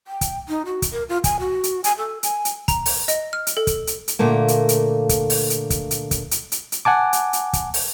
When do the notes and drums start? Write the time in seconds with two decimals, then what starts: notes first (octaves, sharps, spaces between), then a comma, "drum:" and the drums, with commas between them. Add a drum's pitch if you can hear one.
0.07 G5
0.21 drum: kick, hi-hat
0.49 D#4
0.65 F#4
0.82 drum: kick, hi-hat
0.92 A#4
1.09 F4
1.24 G#5, drum: kick, hi-hat
1.40 F#4
1.64 drum: hi-hat
1.84 G#5, drum: hi-hat
1.98 A4
2.23 G#5, drum: hi-hat
2.45 drum: hi-hat
2.68 A#5, drum: kick, hi-hat
2.86 drum: open hi-hat
3.08 D#5, drum: hi-hat
3.33 F6
3.47 drum: hi-hat
3.57 A4
3.67 drum: kick, hi-hat
3.87 drum: hi-hat
4.08 drum: hi-hat
4.19 A#2 D3 A3 A#3
4.48 drum: hi-hat
4.69 drum: hi-hat
5.09 drum: kick, hi-hat
5.30 drum: open hi-hat
5.50 drum: hi-hat
5.70 drum: kick, hi-hat
5.91 drum: hi-hat
6.11 drum: kick, hi-hat
6.31 drum: hi-hat
6.52 drum: hi-hat
6.72 drum: hi-hat
6.85 F#5 G#5 A5 D6
7.13 drum: hi-hat
7.33 drum: hi-hat
7.53 drum: kick, hi-hat
7.74 drum: open hi-hat